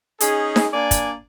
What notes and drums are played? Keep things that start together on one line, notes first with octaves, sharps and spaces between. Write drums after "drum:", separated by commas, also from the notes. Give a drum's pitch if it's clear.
C#4 D#4 G#4, drum: hi-hat
drum: snare D#4
A#3 D4 D5 G#5
drum: kick, hi-hat